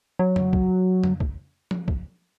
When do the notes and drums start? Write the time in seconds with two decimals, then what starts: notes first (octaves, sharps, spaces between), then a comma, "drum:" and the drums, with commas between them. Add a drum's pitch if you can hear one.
0.19 F#3
0.36 drum: tom
0.53 drum: kick
1.04 drum: tom
1.20 drum: kick
1.71 drum: tom F3
1.88 drum: kick